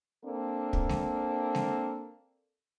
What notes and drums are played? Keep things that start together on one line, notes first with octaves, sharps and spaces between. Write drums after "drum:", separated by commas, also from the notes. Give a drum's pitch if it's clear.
A#3 C4 D4 A4
drum: kick
drum: snare G#3
drum: snare G#3